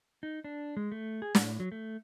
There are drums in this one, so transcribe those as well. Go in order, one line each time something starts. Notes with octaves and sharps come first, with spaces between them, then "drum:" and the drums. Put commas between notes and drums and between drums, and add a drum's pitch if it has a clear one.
D#4
D4
G#3
A3
G#4
A2, drum: snare
F#3
A3